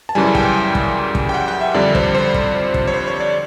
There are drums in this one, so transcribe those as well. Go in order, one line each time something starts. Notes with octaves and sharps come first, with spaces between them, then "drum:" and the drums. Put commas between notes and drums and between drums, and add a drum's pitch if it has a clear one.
A5
F#2 C#3 E3 G3 G#5
G5, drum: kick
drum: kick
drum: kick
G5
F#5
F#5
E5
F2 D3 G3 D5
C5, drum: kick
C5
drum: kick
drum: kick
C#5
C5
C#5
D5